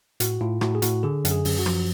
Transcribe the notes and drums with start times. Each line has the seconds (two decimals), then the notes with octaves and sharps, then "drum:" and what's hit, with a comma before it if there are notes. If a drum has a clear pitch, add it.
0.20 A2 F#4, drum: hi-hat
0.41 A2 F4
0.61 A2 F#4, drum: rim click
0.75 G#4
0.82 A2 F#4, drum: hi-hat
1.03 D3 G#4
1.25 F#2, drum: hi-hat
1.31 G#4
1.45 F#2, drum: open hi-hat
1.59 F#4
1.66 F3, drum: rim click